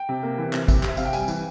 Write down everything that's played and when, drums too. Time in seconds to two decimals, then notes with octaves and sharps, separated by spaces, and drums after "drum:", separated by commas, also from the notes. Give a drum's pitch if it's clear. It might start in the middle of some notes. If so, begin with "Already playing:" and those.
Already playing: G5
0.09 C3
0.23 A#3
0.38 E3
0.53 C3, drum: clap
0.68 C3, drum: kick, tambourine
0.83 C3 E5, drum: clap
0.97 C3 F5, drum: tambourine
1.05 G5
1.13 G3 G#5, drum: tambourine
1.28 E3, drum: tambourine